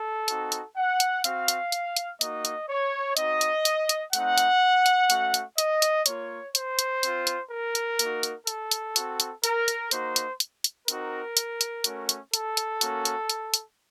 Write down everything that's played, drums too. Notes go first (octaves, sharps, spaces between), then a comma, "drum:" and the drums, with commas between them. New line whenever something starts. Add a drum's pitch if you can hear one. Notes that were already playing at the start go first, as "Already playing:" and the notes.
Already playing: A4
C4 D#4 F#4, drum: hi-hat
drum: hi-hat
F#5
drum: hi-hat
C4 F#4 F5, drum: hi-hat
drum: hi-hat
drum: hi-hat
drum: hi-hat
A#3 D#4 F#4 D#5, drum: hi-hat
drum: hi-hat
C#5
C4 D#4 F#4 D#5, drum: hi-hat
drum: hi-hat
drum: hi-hat
drum: hi-hat
A3 C4 D#4 F#5, drum: hi-hat
drum: hi-hat
drum: hi-hat
A3 C#4 F#4, drum: hi-hat
drum: hi-hat
D#5, drum: hi-hat
drum: hi-hat
A#3 F4 C#5, drum: hi-hat
C5, drum: hi-hat
drum: hi-hat
C4 F4, drum: hi-hat
drum: hi-hat
A#4
drum: hi-hat
A#3 D#4 F#4, drum: hi-hat
drum: hi-hat
A4, drum: hi-hat
drum: hi-hat
C4 F#4, drum: hi-hat
drum: hi-hat
A#4, drum: hi-hat
drum: hi-hat
A#3 D#4 F#4 C5, drum: hi-hat
drum: hi-hat
drum: hi-hat
drum: hi-hat
C4 D#4 F#4 A#4, drum: hi-hat
drum: hi-hat
drum: hi-hat
A3 C#4 F#4, drum: hi-hat
drum: hi-hat
A4, drum: hi-hat
drum: hi-hat
A#3 C#4 F#4, drum: hi-hat
drum: hi-hat
drum: hi-hat
drum: hi-hat